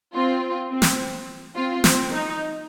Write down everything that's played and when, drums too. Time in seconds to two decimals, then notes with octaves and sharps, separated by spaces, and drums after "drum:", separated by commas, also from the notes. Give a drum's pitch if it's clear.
0.14 C4 F4
0.72 C4
0.82 drum: snare
1.56 C4 F4
1.84 C4, drum: snare
2.13 D#4